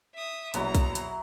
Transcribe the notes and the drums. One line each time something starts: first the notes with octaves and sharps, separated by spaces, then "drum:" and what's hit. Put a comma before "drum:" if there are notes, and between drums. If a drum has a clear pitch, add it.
E5 D#6
A#1 B2 F#3 E4 F#5 A#5, drum: hi-hat
drum: kick B1, hi-hat
drum: hi-hat